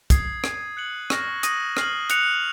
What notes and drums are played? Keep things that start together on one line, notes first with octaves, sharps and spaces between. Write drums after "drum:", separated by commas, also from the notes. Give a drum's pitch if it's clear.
D#6 G#6 C7, drum: kick, hi-hat
G#6 C7 D#7, drum: rim click
F#6 C#7 F#7
C#6 F6 A#6, drum: rim click
D#6 A#6 D#7 F#7, drum: hi-hat
F6 C7 D#7 F#7, drum: rim click
F#6 C#7 F7, drum: hi-hat